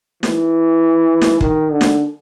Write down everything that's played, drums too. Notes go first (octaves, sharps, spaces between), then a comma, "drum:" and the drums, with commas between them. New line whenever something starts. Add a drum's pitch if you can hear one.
E3, drum: snare
drum: snare
D#3, drum: kick
D3
drum: snare